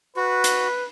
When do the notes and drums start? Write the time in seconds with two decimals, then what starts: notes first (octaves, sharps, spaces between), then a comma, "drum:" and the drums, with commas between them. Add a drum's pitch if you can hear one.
0.16 F#4 B4
0.44 drum: hi-hat